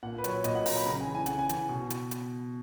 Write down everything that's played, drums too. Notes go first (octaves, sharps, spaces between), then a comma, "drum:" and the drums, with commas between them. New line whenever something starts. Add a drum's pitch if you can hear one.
A#2 F#5
B4
F#3 C#5, drum: hi-hat
A#2 D#5, drum: hi-hat
F#5
F#3 A#5, drum: open hi-hat
B5
C#3 A#5
G#5
E3
G#5
C#3 F#5, drum: hi-hat
G#5
E3, drum: hi-hat
B2
drum: hi-hat
drum: hi-hat